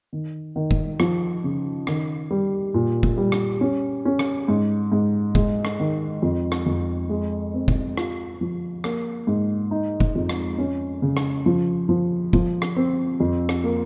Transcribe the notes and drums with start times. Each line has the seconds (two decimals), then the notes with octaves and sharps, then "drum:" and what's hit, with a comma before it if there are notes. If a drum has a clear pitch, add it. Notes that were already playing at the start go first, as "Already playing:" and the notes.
0.13 D#3
0.56 D#3
0.71 drum: kick F1
1.00 F3, drum: rim click
1.44 C#3
1.87 D#3, drum: rim click
2.31 G3
2.74 A#2
3.03 drum: kick F1
3.18 G3
3.32 drum: rim click
3.61 C#4
4.05 C#4
4.19 drum: rim click
4.48 G#2
4.92 G#2
5.35 G#3, drum: kick F1
5.65 drum: rim click
5.80 D#3
6.22 F2
6.52 drum: rim click
6.66 F2
7.09 G#3
7.54 C4
7.68 drum: kick F1
7.97 F4, drum: rim click
8.41 F3
8.84 A#3, drum: rim click
9.27 G#2
9.71 D#4
10.00 drum: kick F1
10.15 F2
10.29 drum: rim click
10.58 C#4
11.02 C#3
11.17 drum: rim click
11.46 F3
11.89 F3
12.33 F3, drum: kick F1
12.62 drum: rim click
12.76 C4
13.20 F2
13.49 drum: rim click
13.64 A#3